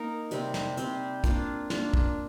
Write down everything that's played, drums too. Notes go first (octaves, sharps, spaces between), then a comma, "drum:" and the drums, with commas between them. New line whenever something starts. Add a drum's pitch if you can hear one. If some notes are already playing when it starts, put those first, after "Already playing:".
Already playing: A#3 D#4 A#4
C3 G3 C4, drum: hi-hat
drum: snare
C3 G3 C4, drum: hi-hat
A#3 D4 F4, drum: kick, hi-hat
A#3 D4 F4, drum: snare
drum: kick